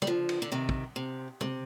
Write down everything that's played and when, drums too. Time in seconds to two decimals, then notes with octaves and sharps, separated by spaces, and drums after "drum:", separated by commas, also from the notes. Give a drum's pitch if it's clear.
0.02 G3, drum: tom
0.07 D3 F3
0.29 drum: cymbal
0.42 D3
0.52 C3 D#3
0.69 drum: kick
0.96 C3
1.41 C3, drum: tom